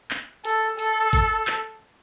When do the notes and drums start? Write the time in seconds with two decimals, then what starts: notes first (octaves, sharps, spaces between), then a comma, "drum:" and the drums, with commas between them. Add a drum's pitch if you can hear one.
0.11 drum: clap
0.45 A4, drum: hi-hat
0.79 A4, drum: hi-hat
1.13 drum: kick G1, hi-hat
1.47 drum: clap